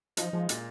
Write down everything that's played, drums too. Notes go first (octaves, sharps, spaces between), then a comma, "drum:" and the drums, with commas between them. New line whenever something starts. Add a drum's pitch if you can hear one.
F3 D#4, drum: hi-hat
F3 G#3
A#2, drum: hi-hat